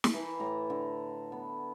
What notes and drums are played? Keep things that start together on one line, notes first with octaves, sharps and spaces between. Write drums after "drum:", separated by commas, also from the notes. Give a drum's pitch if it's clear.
drum: snare
E3 E5 A#5
A2 A#5 D6
D3
B3